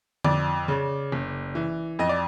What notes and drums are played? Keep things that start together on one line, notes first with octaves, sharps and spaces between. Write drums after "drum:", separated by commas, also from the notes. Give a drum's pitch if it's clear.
F2 D5, drum: tom D3
C#3
F#1
E3
F2 D#5
D5